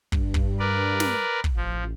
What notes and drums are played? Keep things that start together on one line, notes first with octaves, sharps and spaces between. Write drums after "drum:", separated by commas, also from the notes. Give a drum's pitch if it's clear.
G2, drum: kick
drum: kick
A#4 B4 D5
drum: snare
drum: kick
A1 F3